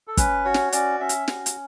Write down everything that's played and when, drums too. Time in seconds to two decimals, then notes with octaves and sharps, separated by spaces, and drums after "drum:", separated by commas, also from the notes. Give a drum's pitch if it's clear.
0.08 A4
0.17 C#4 B4, drum: kick, hi-hat
0.45 F#4 C#5
0.54 drum: snare
0.72 C#4 D5, drum: hi-hat
1.00 C#4 E5
1.09 drum: hi-hat
1.28 F#4, drum: snare
1.46 drum: hi-hat